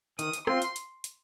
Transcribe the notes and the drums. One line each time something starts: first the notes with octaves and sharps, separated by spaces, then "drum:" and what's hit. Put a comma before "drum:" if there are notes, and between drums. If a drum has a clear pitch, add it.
D#3 D#6, drum: hi-hat
drum: hi-hat
C4 F4 C6, drum: rim click
drum: hi-hat
drum: hi-hat
drum: hi-hat